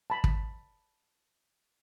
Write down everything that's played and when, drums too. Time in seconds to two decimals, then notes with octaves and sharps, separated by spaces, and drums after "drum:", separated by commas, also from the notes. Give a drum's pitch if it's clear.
0.10 A5 B5
0.24 drum: kick